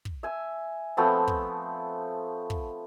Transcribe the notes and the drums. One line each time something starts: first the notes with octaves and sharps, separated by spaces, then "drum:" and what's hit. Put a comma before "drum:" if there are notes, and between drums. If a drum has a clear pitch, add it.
drum: kick
E5 G#5
F3 A3 B3 C4
drum: kick
drum: kick